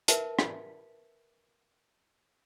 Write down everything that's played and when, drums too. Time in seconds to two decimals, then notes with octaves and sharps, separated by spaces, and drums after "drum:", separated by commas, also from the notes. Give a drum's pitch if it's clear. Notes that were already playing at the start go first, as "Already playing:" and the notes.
0.08 A#4 B4 E5 A5, drum: hi-hat
0.39 drum: rim click